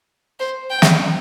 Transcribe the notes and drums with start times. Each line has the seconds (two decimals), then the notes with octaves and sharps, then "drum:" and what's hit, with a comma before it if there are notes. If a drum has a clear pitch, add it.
0.40 C5
0.70 G5
0.82 drum: snare